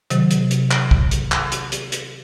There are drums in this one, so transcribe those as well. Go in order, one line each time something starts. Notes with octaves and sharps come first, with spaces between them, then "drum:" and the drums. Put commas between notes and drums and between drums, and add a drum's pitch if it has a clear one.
C3 D#3 F#3, drum: hi-hat
drum: hi-hat
drum: hi-hat
drum: clap
drum: kick
drum: hi-hat
drum: clap
drum: hi-hat
drum: hi-hat
drum: hi-hat